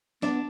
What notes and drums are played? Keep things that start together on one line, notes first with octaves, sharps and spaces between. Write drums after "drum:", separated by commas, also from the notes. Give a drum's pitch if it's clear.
B3 D4, drum: snare